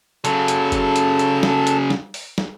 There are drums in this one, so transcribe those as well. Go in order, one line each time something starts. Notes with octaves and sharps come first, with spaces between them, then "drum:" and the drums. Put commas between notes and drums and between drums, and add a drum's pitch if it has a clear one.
C#3 F#3 A4 A5, drum: hi-hat
drum: hi-hat
drum: kick F#1, hi-hat
drum: hi-hat
drum: hi-hat
drum: snare
drum: hi-hat
drum: snare
drum: open hi-hat
drum: snare